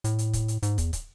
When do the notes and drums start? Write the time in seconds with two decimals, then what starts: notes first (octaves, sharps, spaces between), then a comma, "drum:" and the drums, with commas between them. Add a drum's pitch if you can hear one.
0.04 A2, drum: hi-hat
0.19 drum: hi-hat
0.33 drum: kick, hi-hat
0.48 drum: hi-hat
0.63 G#2, drum: hi-hat
0.78 E2, drum: kick, hi-hat
0.93 drum: kick, hi-hat